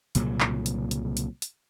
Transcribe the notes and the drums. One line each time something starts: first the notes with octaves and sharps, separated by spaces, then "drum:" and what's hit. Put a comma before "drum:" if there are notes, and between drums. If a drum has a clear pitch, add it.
C2 A#2 C#3 F#3, drum: hi-hat
drum: clap
drum: hi-hat
drum: hi-hat
drum: hi-hat
drum: hi-hat